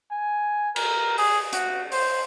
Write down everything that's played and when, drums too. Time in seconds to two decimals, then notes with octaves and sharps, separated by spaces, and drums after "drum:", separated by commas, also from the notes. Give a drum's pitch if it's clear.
0.11 G#5
0.76 A#4, drum: cymbal
1.18 G#4, drum: open hi-hat
1.53 F#4, drum: hi-hat
1.92 C5, drum: open hi-hat